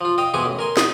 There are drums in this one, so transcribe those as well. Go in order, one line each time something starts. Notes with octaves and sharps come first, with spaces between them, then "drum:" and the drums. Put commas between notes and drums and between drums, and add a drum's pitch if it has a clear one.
F3 F4
D#5 F5 G5
B2 E3 G#3 C5 G#5 D6
A1
A#4 G#5 C6
D#5, drum: snare